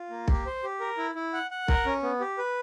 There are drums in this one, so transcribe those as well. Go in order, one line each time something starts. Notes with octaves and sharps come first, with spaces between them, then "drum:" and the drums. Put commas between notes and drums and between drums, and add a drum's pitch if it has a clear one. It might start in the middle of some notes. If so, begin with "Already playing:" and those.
Already playing: F4
A#3
G4, drum: kick B1
C5
G4
A#4
E4
E4
F#5
F#5
A#4, drum: kick B1
C#4
B3
G4
B4